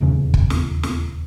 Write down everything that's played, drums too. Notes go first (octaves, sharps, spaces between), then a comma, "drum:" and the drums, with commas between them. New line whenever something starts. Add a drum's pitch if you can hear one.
D#1 E2 C#3 C#4
drum: kick
drum: snare
drum: snare